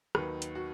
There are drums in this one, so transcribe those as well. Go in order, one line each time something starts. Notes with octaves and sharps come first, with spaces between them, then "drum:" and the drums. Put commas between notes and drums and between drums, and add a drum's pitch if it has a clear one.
D#2 D#3 F#3 B4, drum: rim click
drum: hi-hat
F#4